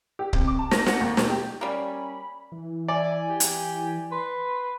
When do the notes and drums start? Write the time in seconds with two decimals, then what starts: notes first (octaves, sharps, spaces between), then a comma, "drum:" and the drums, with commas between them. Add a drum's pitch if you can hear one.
0.19 G4
0.33 C3, drum: kick C#1
0.47 D6
0.59 A5
0.71 A#6, drum: snare
0.86 F#5, drum: snare
1.00 D#2
1.17 B2, drum: snare
1.30 G4
1.61 G3 A#3 C#4 B5
2.52 E3
2.88 D5 E5 G#5
3.29 G4
3.40 drum: hi-hat
4.12 B4 C6